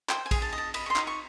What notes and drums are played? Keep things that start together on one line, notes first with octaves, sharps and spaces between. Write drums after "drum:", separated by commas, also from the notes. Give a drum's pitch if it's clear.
C5 G5, drum: clap
G#5
G#4, drum: kick A#1, cymbal
A5
D#5
A5
D#5 B5, drum: cymbal
C#6
C6
D#4, drum: clap
C#6